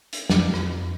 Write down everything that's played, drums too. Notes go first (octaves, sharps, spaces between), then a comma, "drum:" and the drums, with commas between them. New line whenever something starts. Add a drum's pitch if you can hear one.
drum: hi-hat
F2, drum: snare
drum: rim click